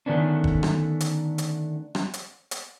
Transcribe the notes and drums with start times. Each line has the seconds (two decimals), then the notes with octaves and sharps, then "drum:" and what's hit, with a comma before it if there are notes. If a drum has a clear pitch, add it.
0.06 D3 D#3 A3 B3 C#4 D4
0.44 drum: kick
0.63 drum: rim click
1.00 drum: hi-hat
1.38 drum: hi-hat
1.95 drum: rim click
2.14 drum: hi-hat
2.51 drum: hi-hat